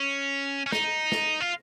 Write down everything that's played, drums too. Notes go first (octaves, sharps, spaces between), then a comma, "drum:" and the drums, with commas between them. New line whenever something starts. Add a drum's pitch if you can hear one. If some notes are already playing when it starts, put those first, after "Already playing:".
Already playing: C#4
C#4
D#4, drum: snare
drum: snare
F4